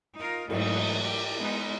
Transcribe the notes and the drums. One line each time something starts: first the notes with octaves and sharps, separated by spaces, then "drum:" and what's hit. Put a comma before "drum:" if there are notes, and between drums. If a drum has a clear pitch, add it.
D#4 F4 A#4
G#2 E3 F#3 A3 D#4, drum: cymbal
G4
G#3 B3 D#4 B4